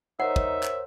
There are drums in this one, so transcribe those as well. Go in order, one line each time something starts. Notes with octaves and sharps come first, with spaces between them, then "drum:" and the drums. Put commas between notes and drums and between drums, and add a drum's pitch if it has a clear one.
D#4 A#4 C5 C#5 E5 F#5
drum: kick
drum: clap